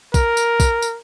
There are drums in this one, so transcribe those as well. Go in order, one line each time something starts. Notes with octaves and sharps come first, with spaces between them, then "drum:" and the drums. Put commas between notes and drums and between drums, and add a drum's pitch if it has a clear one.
A#4, drum: kick, tambourine
drum: tambourine
drum: kick, tambourine
drum: tambourine